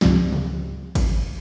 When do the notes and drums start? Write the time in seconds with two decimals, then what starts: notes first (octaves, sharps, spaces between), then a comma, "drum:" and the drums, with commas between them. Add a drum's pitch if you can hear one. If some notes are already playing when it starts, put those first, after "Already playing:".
0.01 C#2 G#2 C3 F3 G3, drum: snare
0.33 drum: tom C3
0.95 drum: kick G#1, cymbal